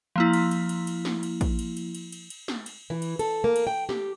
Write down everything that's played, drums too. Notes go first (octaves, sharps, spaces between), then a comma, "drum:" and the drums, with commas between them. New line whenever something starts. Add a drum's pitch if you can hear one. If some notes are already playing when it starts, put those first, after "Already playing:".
F3 A#3 E4
drum: cymbal
drum: cymbal
drum: cymbal
drum: cymbal
drum: snare
drum: cymbal
drum: kick, cymbal
drum: cymbal
drum: cymbal
drum: cymbal
drum: cymbal
drum: cymbal
drum: snare
drum: cymbal
E3
drum: cymbal
A4, drum: cymbal
A#3
drum: cymbal
G5
G4, drum: snare